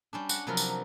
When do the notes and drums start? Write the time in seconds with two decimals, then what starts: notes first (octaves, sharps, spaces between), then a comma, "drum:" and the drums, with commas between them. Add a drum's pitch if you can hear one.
0.13 G3 C#4 D4
0.29 F#5, drum: tambourine
0.47 C3 F3 F#3 F4 A#4 B4
0.57 drum: tambourine